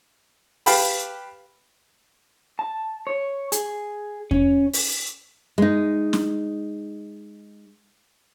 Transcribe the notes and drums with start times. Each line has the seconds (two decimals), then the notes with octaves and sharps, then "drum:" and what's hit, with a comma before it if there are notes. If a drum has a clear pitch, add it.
0.66 G4 B4 F5 G5 A5 B5, drum: open hi-hat
2.59 A5
3.07 C#5
3.52 G#4, drum: hi-hat
4.31 C#4, drum: kick E2
4.73 drum: open hi-hat
5.58 G#3 D#4
6.13 drum: snare